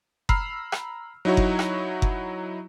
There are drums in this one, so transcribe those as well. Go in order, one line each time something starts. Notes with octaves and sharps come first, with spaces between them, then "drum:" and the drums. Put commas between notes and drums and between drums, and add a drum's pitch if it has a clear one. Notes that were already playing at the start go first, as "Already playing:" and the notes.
A#5 B5 E6 F6 C7, drum: kick F#1
drum: rim click
F#3 D#4 E4 F#4 C#5
drum: kick F#1
drum: rim click
drum: kick F#1